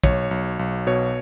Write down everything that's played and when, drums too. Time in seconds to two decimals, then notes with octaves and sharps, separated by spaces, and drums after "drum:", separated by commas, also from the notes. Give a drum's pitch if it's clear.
0.04 B1 C#5, drum: kick
0.31 B1
0.59 B1
0.87 B2 C#5